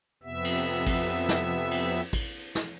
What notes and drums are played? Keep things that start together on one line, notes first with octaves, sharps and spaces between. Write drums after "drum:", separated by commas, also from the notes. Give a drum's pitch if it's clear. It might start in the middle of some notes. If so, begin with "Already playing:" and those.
F2 C3 B3 E5
drum: cymbal
drum: kick, cymbal
drum: snare
drum: cymbal
drum: kick, cymbal
drum: snare